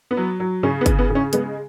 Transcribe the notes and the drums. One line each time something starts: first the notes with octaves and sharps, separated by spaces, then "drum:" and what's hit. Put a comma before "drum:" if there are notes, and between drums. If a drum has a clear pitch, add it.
B3
F#3
F#3
C#3 C#4
B3
C#3, drum: kick, hi-hat
B3
C#3
C#4
G#3 B3, drum: hi-hat